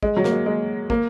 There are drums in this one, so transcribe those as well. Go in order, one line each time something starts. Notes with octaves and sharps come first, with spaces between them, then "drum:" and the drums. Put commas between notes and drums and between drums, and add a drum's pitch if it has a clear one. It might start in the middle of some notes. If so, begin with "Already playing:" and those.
G#3, drum: kick
F#3
A#3, drum: snare
G#3
G#3
A#3, drum: kick